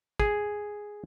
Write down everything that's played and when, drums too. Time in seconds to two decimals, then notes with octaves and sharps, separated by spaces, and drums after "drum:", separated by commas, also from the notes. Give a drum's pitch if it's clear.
0.20 G#4, drum: kick